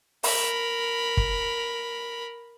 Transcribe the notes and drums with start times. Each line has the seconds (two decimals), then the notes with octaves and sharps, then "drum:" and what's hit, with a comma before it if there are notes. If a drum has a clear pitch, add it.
0.23 A#4 B5, drum: open hi-hat
1.17 drum: kick